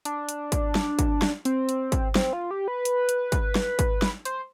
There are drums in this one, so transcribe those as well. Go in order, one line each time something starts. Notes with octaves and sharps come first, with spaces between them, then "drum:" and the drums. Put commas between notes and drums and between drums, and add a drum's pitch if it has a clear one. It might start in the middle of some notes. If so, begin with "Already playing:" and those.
D4, drum: hi-hat
drum: hi-hat
drum: kick, hi-hat
drum: snare
drum: kick, hi-hat
drum: snare
C4, drum: hi-hat
drum: hi-hat
drum: kick, hi-hat
C4, drum: snare
F4
G4
B4
drum: hi-hat
drum: hi-hat
drum: kick, hi-hat
drum: snare
drum: kick, hi-hat
drum: snare
C5, drum: hi-hat